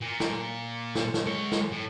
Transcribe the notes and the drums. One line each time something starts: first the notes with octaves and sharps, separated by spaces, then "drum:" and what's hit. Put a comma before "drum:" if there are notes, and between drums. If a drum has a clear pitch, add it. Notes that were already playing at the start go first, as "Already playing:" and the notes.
A#2
drum: snare
drum: snare
drum: snare
G#3 C#5
drum: snare
A2